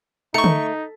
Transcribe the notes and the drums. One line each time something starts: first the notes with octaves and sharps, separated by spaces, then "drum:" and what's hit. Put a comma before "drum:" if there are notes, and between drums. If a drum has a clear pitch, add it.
A3 D#4 A#5 C#6 C#7
drum: tom D3